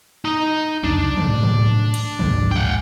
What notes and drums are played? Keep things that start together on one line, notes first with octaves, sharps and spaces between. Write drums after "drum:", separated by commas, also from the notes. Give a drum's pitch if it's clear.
D#4 A#5
F1 C#2 F#2 D4
drum: tom
A2
drum: tom
drum: cymbal
D1 A#1 G#2, drum: tom
F#5 G5